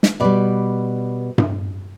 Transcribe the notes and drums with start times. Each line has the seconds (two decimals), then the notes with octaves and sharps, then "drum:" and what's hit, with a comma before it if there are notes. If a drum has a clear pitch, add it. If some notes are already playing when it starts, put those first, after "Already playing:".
0.03 drum: snare
0.20 B2 G3 B4 D5
1.38 drum: tom G2